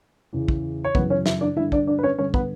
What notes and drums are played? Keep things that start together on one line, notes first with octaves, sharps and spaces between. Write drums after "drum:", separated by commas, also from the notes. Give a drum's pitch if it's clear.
E2 C#3 E3
drum: kick
C#5
F#2 C#3 E3 B3 B4, drum: kick
C#4 C#5
E4 E5, drum: snare
D4 D5
G2 D3 E4 E5
D4 D5, drum: kick
D4 D5
B4
C#4 C#5
G2 D3 C#4 C#5
B3 B4, drum: kick